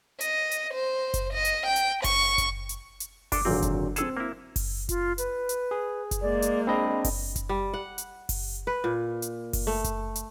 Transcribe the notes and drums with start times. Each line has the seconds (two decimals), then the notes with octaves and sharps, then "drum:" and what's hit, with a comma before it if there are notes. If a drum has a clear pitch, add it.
0.21 D#5, drum: hi-hat
0.51 drum: hi-hat
0.74 C5
1.14 drum: kick F#1, hi-hat
1.34 D#5
1.45 drum: hi-hat
1.67 G5
1.76 drum: hi-hat
2.04 C#6, drum: kick F#1, open hi-hat
2.38 drum: kick F#1, hi-hat
2.69 drum: hi-hat
3.00 drum: hi-hat
3.32 D4 A4 D6, drum: kick F#1, open hi-hat
3.45 G#1 A#2 D3 F#3 C4
3.62 drum: kick F#1, hi-hat
3.96 C4 G#4 A4 A5 E6 E7, drum: hi-hat
4.17 A#3 E4
4.56 drum: kick F#1, open hi-hat
4.89 F4, drum: kick F#1, hi-hat
5.18 B4, drum: hi-hat
5.49 drum: hi-hat
5.71 G#4
6.11 drum: kick F#1, hi-hat
6.22 G#3 A#3 D5
6.42 drum: hi-hat
6.67 C4 D4 D#5 B5
7.04 drum: kick F#1, open hi-hat
7.36 drum: kick F#1, hi-hat
7.49 G3
7.74 F#5
7.98 drum: hi-hat
8.29 drum: kick F#1, open hi-hat
8.67 B4
8.84 A#2
9.22 drum: hi-hat
9.53 drum: kick F#1, open hi-hat
9.67 A3
9.84 drum: kick F#1, hi-hat
10.15 drum: hi-hat